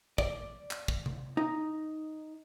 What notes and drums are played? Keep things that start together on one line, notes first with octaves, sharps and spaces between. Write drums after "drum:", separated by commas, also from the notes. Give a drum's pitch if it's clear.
D5, drum: kick
drum: clap
drum: kick
drum: tom C3
D#4